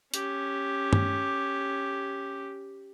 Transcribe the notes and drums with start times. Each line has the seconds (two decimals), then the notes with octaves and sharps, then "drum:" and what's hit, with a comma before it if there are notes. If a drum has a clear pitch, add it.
0.14 C#4 G4, drum: hi-hat
0.93 drum: tom G2